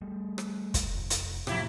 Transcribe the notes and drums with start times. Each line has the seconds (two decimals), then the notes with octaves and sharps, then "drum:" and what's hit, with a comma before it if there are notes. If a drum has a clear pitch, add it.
0.02 G3 A3
0.38 drum: rim click
0.74 drum: kick, hi-hat
0.95 F1
1.10 drum: hi-hat
1.47 A2 C3 F3 E4 G4, drum: rim click